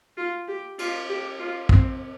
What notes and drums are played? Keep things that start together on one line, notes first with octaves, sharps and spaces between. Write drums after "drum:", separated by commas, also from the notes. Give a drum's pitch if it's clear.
F4
G4
F4, drum: cymbal
G4
F4
C4, drum: kick